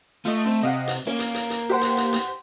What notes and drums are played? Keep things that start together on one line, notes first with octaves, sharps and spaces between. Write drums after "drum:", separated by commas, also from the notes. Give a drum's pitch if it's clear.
A3 F4 D#5
C4
C3 D#5 F5 F#5
drum: hi-hat
A#3 C#4
drum: hi-hat
drum: hi-hat
drum: hi-hat
G4 C5 F#5
drum: hi-hat
drum: hi-hat
drum: hi-hat